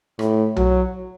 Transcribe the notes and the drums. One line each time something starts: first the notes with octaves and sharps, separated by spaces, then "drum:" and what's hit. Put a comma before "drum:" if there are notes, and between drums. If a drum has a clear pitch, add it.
A2, drum: rim click
F#3, drum: tom B1